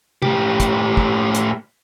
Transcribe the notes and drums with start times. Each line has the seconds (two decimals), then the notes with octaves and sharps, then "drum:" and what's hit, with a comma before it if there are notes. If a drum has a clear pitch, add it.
0.22 A2 G4, drum: tom C3
0.60 drum: kick, hi-hat
0.97 drum: kick
1.35 drum: hi-hat